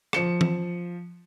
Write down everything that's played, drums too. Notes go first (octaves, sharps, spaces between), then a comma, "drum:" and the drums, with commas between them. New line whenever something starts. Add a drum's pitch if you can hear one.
F3 C#7 E7, drum: rim click
drum: tom E3